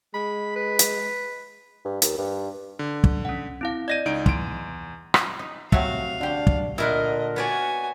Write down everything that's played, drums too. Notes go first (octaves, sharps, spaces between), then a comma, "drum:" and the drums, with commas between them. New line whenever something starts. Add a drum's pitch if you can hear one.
G#3 B5
B4
drum: hi-hat
G2
D#2, drum: hi-hat
G2
D3
drum: kick
C#4 F#5
C4 E4 F5
D5 D#5 G6 G#6 A#6 D#7
C#2 D#4 D7
E2 C6 D7, drum: kick
drum: rim click
D#4
C3 F#3 A3 F#4 F5, drum: kick
D3 D4 G4 C5
drum: kick
A#2 D3 E4 A#4 D#5 F#5
B3 F#4 C#5 D5 G#5